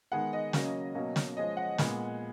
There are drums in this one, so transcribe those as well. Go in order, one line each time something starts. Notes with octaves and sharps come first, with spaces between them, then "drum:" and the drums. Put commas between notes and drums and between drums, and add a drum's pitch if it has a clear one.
D#3 G#3 B3 F#5
D#5
C#3 F#3 A#3 C#4, drum: snare
B2 F#3 A#3 C#4
drum: snare
F3 G#3 C#4 D#5
F#5
A#2 G#3 B3, drum: snare